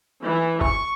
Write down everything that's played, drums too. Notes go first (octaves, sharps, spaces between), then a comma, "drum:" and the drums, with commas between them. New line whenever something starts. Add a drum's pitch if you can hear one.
E3
C#6, drum: kick